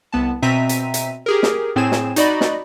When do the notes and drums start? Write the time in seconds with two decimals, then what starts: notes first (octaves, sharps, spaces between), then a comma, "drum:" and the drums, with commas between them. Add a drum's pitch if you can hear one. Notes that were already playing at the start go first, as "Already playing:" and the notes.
0.12 C2 B3 A5
0.42 B2 C4 E5 A#5 B6 D#7
0.69 drum: hi-hat
0.94 drum: hi-hat
1.26 G4 G#4 A#4
1.43 drum: snare
1.76 A2 C4 G#4 G#5 G#6 E7
1.92 drum: snare
2.16 D#4 F#4 D5 D#5 B5, drum: hi-hat
2.41 drum: snare